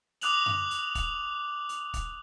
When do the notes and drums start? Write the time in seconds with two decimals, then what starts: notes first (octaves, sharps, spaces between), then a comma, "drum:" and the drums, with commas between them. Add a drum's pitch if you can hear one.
0.21 D6 D#6 F#6 F7 F#7, drum: hi-hat
0.46 drum: tom F#2
0.71 drum: hi-hat
0.95 drum: kick, hi-hat
1.69 drum: hi-hat
1.94 drum: kick, hi-hat